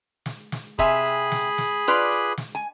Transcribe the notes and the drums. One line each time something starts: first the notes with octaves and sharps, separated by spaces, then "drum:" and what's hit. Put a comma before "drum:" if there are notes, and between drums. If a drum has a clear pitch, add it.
drum: snare
drum: snare
C3 G#4 E5 G#5 B5, drum: kick, hi-hat
drum: hi-hat
drum: snare
drum: snare
F4 B4 D5
drum: hi-hat
drum: snare
G#5